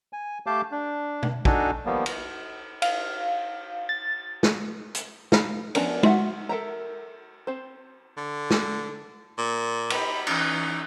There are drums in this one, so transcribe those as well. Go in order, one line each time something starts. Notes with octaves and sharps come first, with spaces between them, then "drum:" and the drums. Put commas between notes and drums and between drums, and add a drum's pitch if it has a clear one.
G#5
A3 G4 F5 A5 D6 G6
D4
drum: tom B2
D4 D#4 F#4 A4 G#5, drum: kick
D#3 F3 G3 A#3 B3
drum: cymbal
F5, drum: cymbal
A6
drum: snare
drum: hi-hat
D#4 F5 B5, drum: snare
F3 B3 C#4 D4 A#4, drum: cymbal
F4 F#4 E5 F#5, drum: tom G#3
A4 A#4 E5 A#5
C4 C5
D3
drum: snare
A#2
D#4 G4 B5, drum: cymbal
E3 C#4 D#4 D5, drum: cymbal